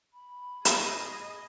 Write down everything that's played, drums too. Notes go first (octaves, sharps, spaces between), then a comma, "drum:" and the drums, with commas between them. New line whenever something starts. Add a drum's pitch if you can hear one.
B5
G#4 D#5, drum: hi-hat